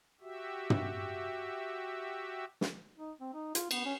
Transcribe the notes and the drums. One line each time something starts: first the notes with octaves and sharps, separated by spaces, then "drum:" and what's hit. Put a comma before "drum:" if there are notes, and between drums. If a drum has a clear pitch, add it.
F#4 G4 E5
drum: tom
drum: snare
D#4
C4
D#4
F4, drum: hi-hat
B3, drum: cymbal
C#4